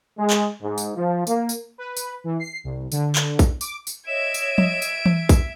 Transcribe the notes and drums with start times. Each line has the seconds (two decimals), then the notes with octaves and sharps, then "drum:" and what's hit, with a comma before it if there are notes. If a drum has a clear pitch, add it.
0.19 G#3
0.30 drum: clap
0.62 G#2
0.78 drum: tambourine
0.95 F3
1.27 A#3, drum: tambourine
1.49 drum: tambourine
1.78 B4
1.97 drum: tambourine
2.24 E3
2.39 C7
2.64 C2
2.92 D3, drum: tambourine
3.15 drum: clap
3.39 drum: kick, tambourine
3.61 D6, drum: tambourine
3.87 drum: tambourine
4.07 C#5 D#5 E5 G#6 D7 E7
4.34 drum: tambourine
4.58 drum: tom F3
4.82 drum: tambourine
5.06 drum: tom E3
5.29 drum: kick, tambourine